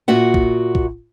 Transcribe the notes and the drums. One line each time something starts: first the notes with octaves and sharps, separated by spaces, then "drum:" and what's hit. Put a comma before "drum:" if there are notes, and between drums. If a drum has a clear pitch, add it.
A#2 F#4 E5 F#5
drum: kick
drum: kick